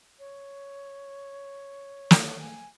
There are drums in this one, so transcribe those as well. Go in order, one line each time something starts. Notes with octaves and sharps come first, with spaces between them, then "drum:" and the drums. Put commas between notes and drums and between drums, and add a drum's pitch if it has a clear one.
C#5
drum: snare
G#5